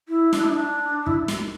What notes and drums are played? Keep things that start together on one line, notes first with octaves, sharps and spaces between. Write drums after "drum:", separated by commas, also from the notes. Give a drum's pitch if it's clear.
E4
D4, drum: snare
E4
D4
E4, drum: kick
drum: snare